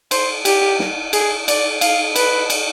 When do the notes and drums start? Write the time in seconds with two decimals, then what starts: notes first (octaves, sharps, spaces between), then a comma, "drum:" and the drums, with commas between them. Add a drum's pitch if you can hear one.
0.11 C5, drum: cymbal
0.45 G4, drum: cymbal
0.79 drum: snare
1.13 G#4, drum: cymbal
1.48 D5, drum: cymbal
1.81 F5, drum: cymbal
2.16 B4, drum: cymbal
2.50 drum: cymbal